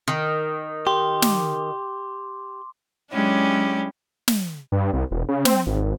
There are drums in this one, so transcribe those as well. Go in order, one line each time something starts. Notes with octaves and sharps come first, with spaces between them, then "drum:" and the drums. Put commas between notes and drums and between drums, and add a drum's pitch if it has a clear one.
D#3
G4 C6 D6
drum: snare
F#3 G#3 C#4 D4 E4 G4
drum: snare
G2
C2
E1
C#3
C4, drum: snare
G#1